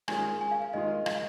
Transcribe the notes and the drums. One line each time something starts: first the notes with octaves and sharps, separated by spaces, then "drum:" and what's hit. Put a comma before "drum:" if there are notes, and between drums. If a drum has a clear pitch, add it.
D#3 G#3 C#4 F4 G#4 G#5, drum: rim click
G#5
F5
F5
D#3 G#3 F4 D#5
F5, drum: rim click